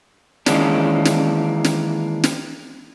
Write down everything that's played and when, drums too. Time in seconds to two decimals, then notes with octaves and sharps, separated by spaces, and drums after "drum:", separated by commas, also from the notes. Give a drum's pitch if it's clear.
0.46 D#3 E3 G#3 A#3 C#4 D4, drum: snare
1.05 drum: snare
1.64 drum: snare
2.24 drum: snare